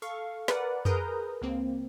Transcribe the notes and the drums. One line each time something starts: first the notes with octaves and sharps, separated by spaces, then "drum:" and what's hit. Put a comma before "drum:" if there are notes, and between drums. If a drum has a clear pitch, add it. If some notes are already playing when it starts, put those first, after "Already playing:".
A4 F5 C#6
A#4 B4 D5 F#5, drum: snare
G#4 A#4 B4 A#5 D#6 G6, drum: tom F2
C#2 A#3 C4